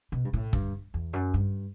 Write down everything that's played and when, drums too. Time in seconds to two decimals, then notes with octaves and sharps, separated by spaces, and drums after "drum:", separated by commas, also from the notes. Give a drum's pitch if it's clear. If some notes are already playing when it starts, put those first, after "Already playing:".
0.12 B2
0.25 G2
0.33 A2
0.53 G2, drum: kick
0.94 E2
1.13 F#2
1.34 G2